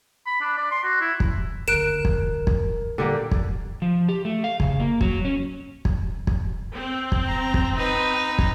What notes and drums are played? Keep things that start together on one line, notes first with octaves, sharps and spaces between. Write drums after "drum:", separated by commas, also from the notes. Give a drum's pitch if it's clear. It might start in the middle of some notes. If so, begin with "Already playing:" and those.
B5
D4
D5
C6
F#4
E4
drum: kick
F#1 D2 A#4 F#6 D7 E7
drum: kick
drum: kick
A#2 D3 G3 A#3
drum: kick
F3
G4
A3
F5
C#3, drum: kick
A#3
F#3, drum: kick
C#4
drum: kick
drum: kick
C4
drum: kick
A#5
drum: kick
D#4 B4
drum: kick